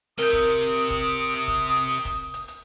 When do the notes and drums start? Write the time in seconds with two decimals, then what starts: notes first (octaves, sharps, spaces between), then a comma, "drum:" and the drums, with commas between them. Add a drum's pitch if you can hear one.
0.19 C3 A#4 D#6 G6, drum: hi-hat
0.33 drum: kick, hi-hat
0.62 drum: hi-hat
0.76 drum: hi-hat
0.90 drum: kick, hi-hat
1.33 drum: hi-hat
1.48 drum: kick, hi-hat
1.76 drum: hi-hat
1.91 drum: hi-hat
2.05 drum: kick, hi-hat
2.34 drum: hi-hat
2.48 drum: hi-hat